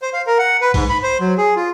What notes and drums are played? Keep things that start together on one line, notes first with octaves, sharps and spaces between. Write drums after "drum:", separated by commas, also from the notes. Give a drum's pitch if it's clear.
C5
F5
A#4
F#5
B4
G#2, drum: kick B1, open hi-hat
B5
C5
F#3
G#4
F4